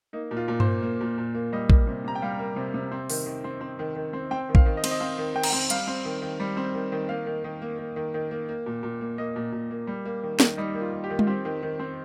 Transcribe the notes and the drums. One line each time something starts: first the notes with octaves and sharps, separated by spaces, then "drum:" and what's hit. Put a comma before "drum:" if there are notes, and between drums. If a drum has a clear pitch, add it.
A#3 D#4
A#2
F4
A#2
C5, drum: tom G2
A#3
A#3
A#2
A#2
A#3
G3 D#5
A#3, drum: kick
C3
C3 A#5
G5
G3 F5
A#3
C3
C3
C4
D#3, drum: open hi-hat
D#3
C4
C4
D#3
D#3
C4
C4 G5
D#3
F5, drum: kick
D#3
D#5
C4, drum: cymbal
D#5
C4 F5
D#3
D#3 G5
A#5, drum: cymbal
C4 G5
G3 F5, drum: hi-hat
C4
D#3
D#3
G3
C4
D#3
D#3
A#3 F5
D#3
D#3
A#3
A#3
D#3
D#3
A#3
A#3
A#2
A#2
A#3
A#3 D#5
A#2
A#2
A#3
G3
A#3
D#3
D#3, drum: snare
G3 D#4
A#3
F4
D#3
G4
D#3
F4, drum: tom G3
C4 G4
D#3
D#3
C4